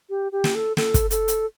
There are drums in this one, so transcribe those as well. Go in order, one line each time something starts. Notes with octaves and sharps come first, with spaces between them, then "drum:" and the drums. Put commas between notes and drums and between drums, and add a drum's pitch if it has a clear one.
G4
G4
drum: snare
A4
A4, drum: snare
drum: kick, hi-hat
A4, drum: hi-hat
drum: hi-hat